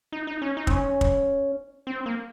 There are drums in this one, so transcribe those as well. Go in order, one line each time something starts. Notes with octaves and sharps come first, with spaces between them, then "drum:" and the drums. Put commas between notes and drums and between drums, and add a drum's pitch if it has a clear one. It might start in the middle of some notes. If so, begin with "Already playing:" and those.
D#4
D#4
C#4
D#4
C4, drum: kick
C#4
drum: kick
C4
A#3